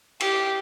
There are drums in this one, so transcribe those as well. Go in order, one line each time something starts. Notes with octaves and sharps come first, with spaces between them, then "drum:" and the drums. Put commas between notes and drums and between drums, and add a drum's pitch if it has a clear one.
G4, drum: cymbal